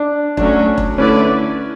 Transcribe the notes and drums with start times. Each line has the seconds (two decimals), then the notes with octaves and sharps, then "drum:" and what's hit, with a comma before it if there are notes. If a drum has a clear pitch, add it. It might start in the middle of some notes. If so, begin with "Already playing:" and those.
Already playing: D4
0.37 F#3 A3 C#4 D4, drum: kick
0.78 drum: kick
0.97 D3 A3 C#4 E4 B4 D5